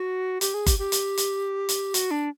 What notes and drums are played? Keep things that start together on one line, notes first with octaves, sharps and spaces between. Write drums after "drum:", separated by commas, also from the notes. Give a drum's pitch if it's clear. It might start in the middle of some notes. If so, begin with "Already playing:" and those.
Already playing: F#4
G4, drum: hi-hat
G#4
G4, drum: kick F#1, hi-hat
G4
drum: hi-hat
drum: hi-hat
drum: hi-hat
F#4, drum: hi-hat
D4